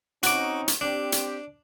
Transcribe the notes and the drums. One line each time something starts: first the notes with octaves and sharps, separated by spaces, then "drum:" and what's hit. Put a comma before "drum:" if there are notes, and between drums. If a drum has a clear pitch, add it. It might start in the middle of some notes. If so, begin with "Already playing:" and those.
C4 C#4 D#4 F#4 D6, drum: hi-hat
drum: hi-hat
C4 D4 G4
drum: hi-hat